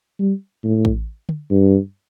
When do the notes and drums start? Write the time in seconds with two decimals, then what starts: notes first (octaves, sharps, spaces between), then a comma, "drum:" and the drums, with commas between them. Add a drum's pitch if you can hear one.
0.19 G3
0.63 A2
0.85 drum: kick
1.29 drum: tom
1.51 G2